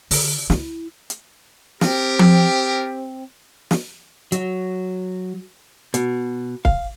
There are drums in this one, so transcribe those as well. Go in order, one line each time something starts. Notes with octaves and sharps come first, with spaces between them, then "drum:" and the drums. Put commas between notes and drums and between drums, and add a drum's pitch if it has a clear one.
D3, drum: open hi-hat
E4, drum: snare
drum: hi-hat
C4 F4 G4 A#4, drum: snare
drum: tom F3
drum: snare
F#3, drum: hi-hat
B2, drum: hi-hat
F5, drum: kick